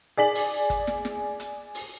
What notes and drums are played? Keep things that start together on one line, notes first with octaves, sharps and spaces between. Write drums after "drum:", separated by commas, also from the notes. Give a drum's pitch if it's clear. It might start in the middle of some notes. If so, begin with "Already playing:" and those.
G#4 D5 B6 F#7
drum: open hi-hat
drum: kick, hi-hat
drum: snare
drum: snare
drum: hi-hat
drum: open hi-hat